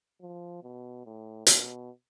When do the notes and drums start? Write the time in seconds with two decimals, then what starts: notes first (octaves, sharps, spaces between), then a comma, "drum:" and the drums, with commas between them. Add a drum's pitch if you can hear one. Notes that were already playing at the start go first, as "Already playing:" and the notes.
0.22 F3
0.63 B2
1.06 A2
1.47 B2, drum: hi-hat